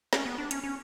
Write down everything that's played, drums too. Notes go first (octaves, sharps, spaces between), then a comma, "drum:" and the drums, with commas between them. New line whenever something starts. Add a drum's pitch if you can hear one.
C#4, drum: snare
B3
D4
C#4, drum: hi-hat
C#4